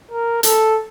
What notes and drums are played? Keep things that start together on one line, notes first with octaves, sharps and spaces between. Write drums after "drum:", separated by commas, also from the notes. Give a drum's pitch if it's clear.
A#4
A4, drum: hi-hat